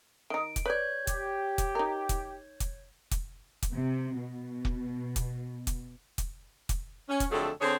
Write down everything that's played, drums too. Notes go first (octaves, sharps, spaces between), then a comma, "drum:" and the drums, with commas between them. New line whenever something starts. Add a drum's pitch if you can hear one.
D#3 D#4 D7
drum: kick, hi-hat
B4 C#5 D5 G6 G#6
G4, drum: kick, hi-hat
drum: kick, hi-hat
D#4 A#4
drum: kick, hi-hat
drum: kick, hi-hat
drum: kick, hi-hat
drum: kick, hi-hat
C3
B2
drum: kick
drum: kick, hi-hat
drum: kick, hi-hat
drum: kick, hi-hat
drum: kick, hi-hat
C#4
drum: kick, hi-hat
F2 D3 F#3 A3 G#4 A4
D3 C4 G#4 C5 C#5